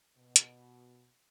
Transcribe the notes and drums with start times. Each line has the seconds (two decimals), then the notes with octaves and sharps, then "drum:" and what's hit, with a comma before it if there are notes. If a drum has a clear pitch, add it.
0.17 B2
0.36 drum: hi-hat